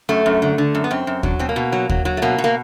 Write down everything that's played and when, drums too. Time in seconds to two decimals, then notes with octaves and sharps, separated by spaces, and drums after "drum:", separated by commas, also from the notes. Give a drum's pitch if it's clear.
0.09 F#2 A3
0.26 F#2
0.42 D3
0.58 D3
0.75 F#2
0.84 B3
0.91 F#2 C4
1.07 F#2
1.23 F#3 D4, drum: kick D#2
1.39 B2 C4
1.49 A#3
1.56 B2
1.72 F#3
1.89 F#3, drum: kick D#2
2.05 F#3
2.17 A3
2.22 B2 A#3
2.38 B2
2.44 A#3